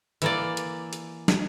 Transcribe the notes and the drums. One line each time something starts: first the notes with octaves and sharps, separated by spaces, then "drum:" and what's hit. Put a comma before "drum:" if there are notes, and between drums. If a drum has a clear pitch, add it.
E3 A#3 D5, drum: hi-hat
drum: hi-hat
drum: hi-hat
drum: snare